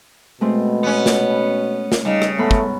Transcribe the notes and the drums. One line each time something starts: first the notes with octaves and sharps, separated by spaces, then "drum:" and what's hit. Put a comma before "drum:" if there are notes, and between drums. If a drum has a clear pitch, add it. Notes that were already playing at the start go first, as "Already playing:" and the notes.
B2 G#3 A3 C4
B3 C#4
drum: snare
drum: snare
C#3 G3 D#4
drum: rim click
G#2 A3 B3 B5
drum: kick